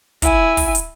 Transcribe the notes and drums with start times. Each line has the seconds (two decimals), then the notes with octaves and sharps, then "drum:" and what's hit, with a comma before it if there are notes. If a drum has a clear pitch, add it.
0.22 E4 G#5, drum: kick, hi-hat
0.57 drum: kick, open hi-hat
0.75 drum: hi-hat